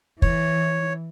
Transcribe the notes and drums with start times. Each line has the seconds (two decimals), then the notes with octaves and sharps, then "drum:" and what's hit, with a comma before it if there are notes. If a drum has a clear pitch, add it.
0.22 E3 C#5, drum: kick